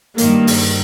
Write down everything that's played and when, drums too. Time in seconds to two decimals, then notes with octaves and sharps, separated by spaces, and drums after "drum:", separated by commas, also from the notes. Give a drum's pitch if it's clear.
0.18 G2 D#3 A#3, drum: hi-hat
0.47 drum: open hi-hat